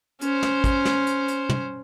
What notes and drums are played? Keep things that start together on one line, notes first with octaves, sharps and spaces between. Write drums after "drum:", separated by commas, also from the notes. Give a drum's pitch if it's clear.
C#4 C5, drum: hi-hat
drum: snare
drum: kick, hi-hat
drum: snare
drum: hi-hat
drum: hi-hat
drum: tom